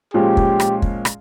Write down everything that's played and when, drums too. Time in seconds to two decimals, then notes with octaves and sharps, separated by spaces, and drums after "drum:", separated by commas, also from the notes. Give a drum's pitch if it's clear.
0.14 A#2 F3 G#3 C#4 F4 G4
0.37 drum: kick
0.60 drum: rim click
0.82 drum: kick
1.05 drum: rim click